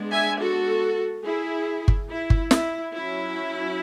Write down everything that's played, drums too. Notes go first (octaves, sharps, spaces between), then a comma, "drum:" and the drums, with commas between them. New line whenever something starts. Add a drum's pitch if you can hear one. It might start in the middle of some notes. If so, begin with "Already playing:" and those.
Already playing: G#3 B3 D4
E5 G#5
F#4 A4
E4 G#4
drum: kick G1
E4
drum: kick G1
E4, drum: snare
F#3 C#4 E4